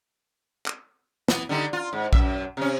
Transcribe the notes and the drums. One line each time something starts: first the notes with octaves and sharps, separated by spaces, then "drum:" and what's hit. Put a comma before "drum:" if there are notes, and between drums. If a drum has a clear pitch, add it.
drum: clap
E3 B3, drum: snare
D3 G3 D#4
F4
G#2
F#2 E5, drum: kick A#1
C3 C#4